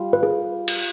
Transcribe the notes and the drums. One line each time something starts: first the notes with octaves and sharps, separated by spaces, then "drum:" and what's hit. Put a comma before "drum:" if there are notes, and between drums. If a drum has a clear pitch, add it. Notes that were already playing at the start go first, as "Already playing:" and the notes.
Already playing: G3 F4
B4
G#4
drum: cymbal